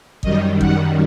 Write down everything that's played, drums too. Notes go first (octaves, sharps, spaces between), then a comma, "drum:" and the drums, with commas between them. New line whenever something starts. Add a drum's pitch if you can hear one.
F#2 D#3 G3 D#5, drum: kick
F#5, drum: kick